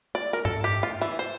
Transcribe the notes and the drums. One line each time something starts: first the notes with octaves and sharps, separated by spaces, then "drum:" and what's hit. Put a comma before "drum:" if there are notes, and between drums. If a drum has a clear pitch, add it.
D5
A#4
A4, drum: tom G#2
G4
F4
E3
C5